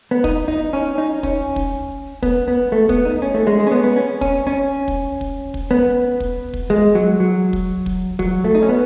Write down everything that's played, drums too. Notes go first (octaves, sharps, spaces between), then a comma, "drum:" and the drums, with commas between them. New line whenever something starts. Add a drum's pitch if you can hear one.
B3
D#4, drum: kick
D#4
C#4
D#4
C#4, drum: kick
drum: kick
B3, drum: kick
B3
A3
B3, drum: kick
D#4
C#4
A3
G#3
G#3
C#4
B3
B3
C#4
C#4, drum: kick
C#4
drum: kick
drum: kick
drum: kick
B3
drum: kick
drum: kick
G#3
F#3
F#3
drum: kick
drum: kick
F#3, drum: kick
A3
D#4
C#4
B3